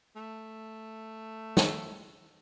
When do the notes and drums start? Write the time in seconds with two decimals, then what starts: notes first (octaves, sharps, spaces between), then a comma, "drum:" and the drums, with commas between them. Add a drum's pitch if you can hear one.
0.16 A3
1.57 drum: snare